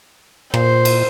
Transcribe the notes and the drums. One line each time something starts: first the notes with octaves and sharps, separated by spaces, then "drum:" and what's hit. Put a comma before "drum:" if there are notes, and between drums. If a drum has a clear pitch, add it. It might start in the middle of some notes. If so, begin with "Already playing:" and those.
A#2 C5, drum: rim click
drum: cymbal